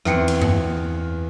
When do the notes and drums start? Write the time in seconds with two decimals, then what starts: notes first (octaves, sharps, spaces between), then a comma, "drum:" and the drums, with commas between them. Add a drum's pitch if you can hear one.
0.05 E2 C4 G5 C#7, drum: rim click
0.28 drum: cymbal
0.42 drum: tom F#2